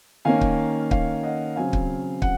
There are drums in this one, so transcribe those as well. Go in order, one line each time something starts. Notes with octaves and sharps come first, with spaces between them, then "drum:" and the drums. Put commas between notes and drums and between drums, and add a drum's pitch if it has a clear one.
D#3 A#3 C#4 F5 G#5
drum: kick
C#5 F5, drum: kick
D#5 F#5
C#3 F#3 C4 F5 G#5
drum: kick
F#5, drum: kick